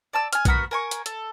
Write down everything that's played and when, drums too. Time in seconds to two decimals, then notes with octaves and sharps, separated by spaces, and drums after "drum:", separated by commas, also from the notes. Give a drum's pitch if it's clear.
0.13 D5 A5 E6
0.33 G#5 F6, drum: hi-hat
0.45 B3 F#4 A#4 B5, drum: kick, hi-hat
0.71 A#4 G#5 C#6
0.91 drum: hi-hat
1.06 A4, drum: hi-hat